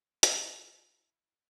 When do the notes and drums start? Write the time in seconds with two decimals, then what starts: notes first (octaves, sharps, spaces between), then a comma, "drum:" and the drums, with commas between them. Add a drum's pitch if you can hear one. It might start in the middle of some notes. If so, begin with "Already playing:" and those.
0.23 E4, drum: hi-hat